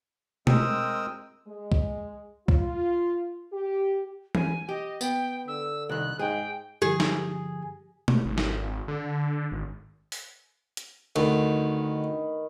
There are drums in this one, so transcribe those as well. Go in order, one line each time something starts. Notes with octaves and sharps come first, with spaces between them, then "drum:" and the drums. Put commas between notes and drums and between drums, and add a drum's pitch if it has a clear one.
G#3 C4 A#4 G5 D#6 E6, drum: tom B2
G#3
drum: kick C2
F4, drum: kick C2
G4
G#5, drum: tom E3
G4 D#5
B3 G5, drum: tambourine
D3 E6
C2 D#3 F#6
G#2 G#4 G5
G2 D3 F3 G4 G#4
drum: snare
drum: tom B2
G#1
drum: snare
D3
G#1
drum: open hi-hat
drum: hi-hat
D2 D#3 B4, drum: cymbal